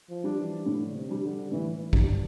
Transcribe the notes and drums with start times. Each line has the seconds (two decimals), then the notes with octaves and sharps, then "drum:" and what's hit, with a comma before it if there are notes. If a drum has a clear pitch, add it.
0.10 F3
0.24 G3 D4
0.38 E3
0.66 A2 D3
0.94 C3
1.08 G3 D4
1.23 D3
1.52 A2 E3
1.79 E3
1.93 G3 D4, drum: kick A#1